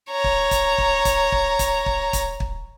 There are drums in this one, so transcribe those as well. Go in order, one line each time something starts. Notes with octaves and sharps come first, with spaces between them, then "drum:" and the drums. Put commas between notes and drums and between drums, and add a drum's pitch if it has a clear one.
C#5 A#5
drum: kick
drum: kick, hi-hat
drum: kick
drum: kick, hi-hat
drum: kick
drum: kick, hi-hat
drum: kick
drum: kick, hi-hat
drum: kick